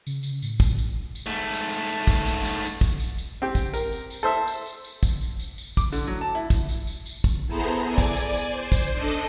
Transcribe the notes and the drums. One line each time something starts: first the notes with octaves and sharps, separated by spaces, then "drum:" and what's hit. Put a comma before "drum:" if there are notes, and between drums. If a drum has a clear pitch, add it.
C#3, drum: tambourine
drum: tambourine
A2, drum: tambourine
drum: kick, tambourine
drum: tambourine
drum: tambourine
G#2 A3
drum: tambourine
drum: tambourine
drum: tambourine
drum: kick, tambourine
drum: tambourine
drum: tambourine
drum: tambourine
drum: kick, tambourine
drum: tambourine
drum: tambourine
C4 G4
drum: kick, tambourine
A#4, drum: tambourine
drum: tambourine
drum: tambourine
A4 C5 E5
drum: tambourine
drum: tambourine
drum: tambourine
drum: kick, tambourine
drum: tambourine
drum: tambourine
drum: tambourine
D6, drum: kick, tambourine
D3, drum: tambourine
F#3
A5
E4
drum: kick, tambourine
drum: tambourine
drum: tambourine
drum: tambourine
drum: kick, tambourine
B3 E4 G#4 A4 C5 A#5
D5 G#5
drum: kick, tambourine
drum: tambourine
drum: tambourine
C5
drum: kick, tambourine
D4 A4 D#5